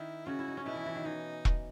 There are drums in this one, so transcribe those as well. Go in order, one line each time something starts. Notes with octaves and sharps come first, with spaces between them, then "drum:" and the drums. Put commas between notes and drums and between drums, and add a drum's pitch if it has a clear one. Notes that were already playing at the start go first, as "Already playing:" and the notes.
Already playing: D#3 D#4 E4
C#3 C#4 F#4
E4
D#4
C#4
B2 B3 E4
E3
E3
D#3
E3 D#4
drum: kick E1